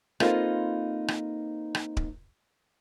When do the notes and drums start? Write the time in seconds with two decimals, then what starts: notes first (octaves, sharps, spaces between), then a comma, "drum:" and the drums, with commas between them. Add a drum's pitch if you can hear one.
0.20 A#3 C4 D#4 F4 A4 B4, drum: rim click
1.08 drum: rim click
1.75 drum: rim click
1.97 drum: kick D1